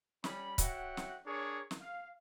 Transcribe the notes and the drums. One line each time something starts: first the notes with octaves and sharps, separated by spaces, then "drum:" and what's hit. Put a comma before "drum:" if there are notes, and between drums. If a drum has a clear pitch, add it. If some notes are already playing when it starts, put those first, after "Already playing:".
G3 C#4 B5, drum: snare
F#4 C#5 E5 F#5 G5, drum: kick C#1, hi-hat
drum: snare
D4 G#4 A#4 C#5
drum: snare
F5